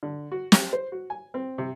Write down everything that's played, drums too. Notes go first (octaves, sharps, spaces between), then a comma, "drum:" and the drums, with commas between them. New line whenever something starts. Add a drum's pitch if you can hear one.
D3
F#4
G4, drum: snare
C5
F#4
G#5
C4
C3